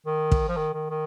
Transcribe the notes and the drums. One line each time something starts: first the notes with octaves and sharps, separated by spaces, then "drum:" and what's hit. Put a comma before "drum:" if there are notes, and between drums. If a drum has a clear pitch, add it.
D#3
drum: kick
F3
D#3
D#3
D#3